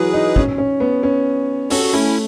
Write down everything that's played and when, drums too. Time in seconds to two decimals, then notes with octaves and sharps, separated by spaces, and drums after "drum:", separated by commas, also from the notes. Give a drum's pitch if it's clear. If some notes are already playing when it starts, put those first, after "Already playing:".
Already playing: E3 F#3 G#4 B4
0.13 D#4
0.36 C#4, drum: kick
0.58 C#4
0.80 B3
1.03 C#4
1.70 C#4 F#4 A4, drum: open hi-hat
1.93 A3 C#4 E4